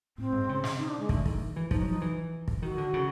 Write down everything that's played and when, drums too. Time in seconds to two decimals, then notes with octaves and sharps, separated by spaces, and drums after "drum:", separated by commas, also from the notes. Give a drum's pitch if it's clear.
0.18 A2 C4
0.33 G#2
0.49 C#3
0.64 drum: snare
0.79 D#4
0.89 D4
1.00 G#3
1.09 D3 A3, drum: kick
1.26 D#3, drum: kick
1.56 E3
1.71 F3 D#4, drum: kick
1.81 F#3
1.87 F3 D#4
2.01 E3
2.48 drum: kick
2.62 D#3 F#4
2.78 D3
2.94 C#3